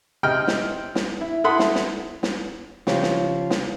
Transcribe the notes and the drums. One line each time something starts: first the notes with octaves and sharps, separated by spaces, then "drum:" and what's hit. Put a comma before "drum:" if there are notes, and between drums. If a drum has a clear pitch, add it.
C3 D#5 G5 F6
drum: snare
drum: snare
E4
E4 A4 F#5 B5 C6 D#6
drum: snare
drum: snare
drum: snare
C#3 F3 G4, drum: snare
drum: snare
drum: snare